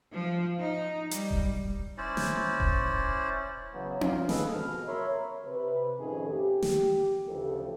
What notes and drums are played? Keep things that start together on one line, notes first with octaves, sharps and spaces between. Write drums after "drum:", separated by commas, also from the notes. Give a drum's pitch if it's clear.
F3
D#4
G3, drum: hi-hat
drum: kick D#1
C#4 E4 C5 D5
drum: snare
drum: kick D#1
C#3 E3 F#3 B3
F4 C6, drum: tom C4
G#2 G#4 A4 B4 D#5, drum: snare
B2 F6
A#4 C#5 E5 B5 C6
C3 B4
F2 A2 D#3 C#4 G#4 A4
G4
drum: snare
D2 C#3 E3 F3 G4 A4